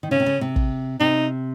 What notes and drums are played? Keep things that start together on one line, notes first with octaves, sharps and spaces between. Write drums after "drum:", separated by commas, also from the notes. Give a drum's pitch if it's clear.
D#3
C#3 C#4
C3
C#3
C3
drum: kick
C3 D#4